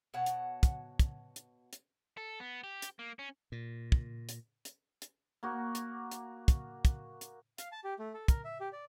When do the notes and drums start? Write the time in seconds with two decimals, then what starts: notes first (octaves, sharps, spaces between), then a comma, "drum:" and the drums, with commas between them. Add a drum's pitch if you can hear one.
0.14 B2 C#5 F#5 A5
0.26 drum: hi-hat
0.63 drum: kick, hi-hat
1.00 drum: kick, hi-hat
1.36 drum: hi-hat
1.73 drum: hi-hat
2.17 A4
2.40 B3
2.64 G4
2.82 drum: hi-hat
2.99 A#3
3.19 C#4
3.52 A#2
3.92 drum: kick
4.29 drum: hi-hat
4.65 drum: hi-hat
5.02 drum: hi-hat
5.43 A#3 F#4
5.75 drum: hi-hat
6.12 drum: hi-hat
6.48 drum: kick, hi-hat
6.85 drum: kick, hi-hat
7.21 drum: hi-hat
7.58 F5, drum: hi-hat
7.72 A5
7.84 G4
7.99 A3
8.14 A4
8.28 A#4, drum: kick, hi-hat
8.45 E5
8.60 G4
8.73 D5